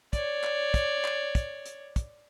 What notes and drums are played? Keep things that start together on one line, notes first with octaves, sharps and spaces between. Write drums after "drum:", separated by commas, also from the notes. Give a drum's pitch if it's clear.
C#5 D5, drum: kick, hi-hat
drum: clap
drum: kick, hi-hat
drum: clap
drum: kick, hi-hat
drum: hi-hat
drum: kick, hi-hat